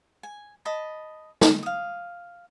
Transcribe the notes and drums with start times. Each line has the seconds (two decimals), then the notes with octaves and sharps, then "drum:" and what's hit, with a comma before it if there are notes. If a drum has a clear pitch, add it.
0.23 G#5
0.65 D#5 A5 B5
1.41 drum: snare
1.63 F5 D#6